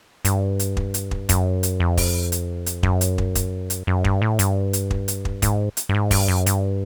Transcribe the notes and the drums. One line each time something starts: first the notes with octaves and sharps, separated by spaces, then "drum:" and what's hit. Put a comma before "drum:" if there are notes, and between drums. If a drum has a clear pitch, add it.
G2, drum: hi-hat
drum: hi-hat
drum: kick
drum: hi-hat
drum: kick
F#2, drum: kick, hi-hat
drum: hi-hat
F2
drum: kick, open hi-hat
drum: hi-hat
drum: hi-hat
F#2, drum: kick
drum: hi-hat
drum: kick
drum: kick, hi-hat
drum: hi-hat
F#2
G2, drum: kick
A2
G2, drum: hi-hat
drum: hi-hat
drum: kick
drum: hi-hat
drum: kick
G#2, drum: kick, hi-hat
drum: hi-hat
G2
G#2
G2, drum: kick, open hi-hat
F#2
G2, drum: hi-hat